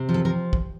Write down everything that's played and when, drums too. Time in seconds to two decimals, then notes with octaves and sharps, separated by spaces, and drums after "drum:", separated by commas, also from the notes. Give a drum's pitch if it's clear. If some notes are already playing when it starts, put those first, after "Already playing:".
Already playing: C3
0.09 F3
0.14 A4
0.25 F3 A#4
0.53 drum: kick